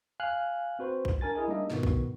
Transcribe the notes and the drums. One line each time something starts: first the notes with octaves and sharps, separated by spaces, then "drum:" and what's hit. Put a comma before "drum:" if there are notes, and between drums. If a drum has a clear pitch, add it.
F5 G#5 F6 F#6
C4 F#4 B4 C5
drum: kick A#1
D4 A#4 G#5 A6
E4 G#4 A#4 D#5 G#5
G3 A#3 D4 D#4 D#5 E5
G#2 B2 D#3 B3 F#4, drum: snare
drum: kick A#1